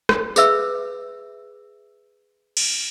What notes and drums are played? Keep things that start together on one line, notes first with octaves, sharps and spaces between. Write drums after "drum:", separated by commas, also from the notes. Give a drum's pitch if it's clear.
drum: rim click
G#4 B4 E5 E6, drum: tambourine
drum: cymbal